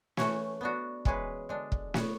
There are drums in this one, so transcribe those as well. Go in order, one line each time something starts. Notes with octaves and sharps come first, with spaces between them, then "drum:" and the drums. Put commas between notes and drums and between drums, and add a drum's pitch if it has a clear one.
E3 A3 C#4 F#4 C#5, drum: snare
B3 D4 F#4
E3 G#3 C#4 G#4 B4, drum: kick
D3 G#3 D4
drum: kick
B3 F#4 C#5, drum: snare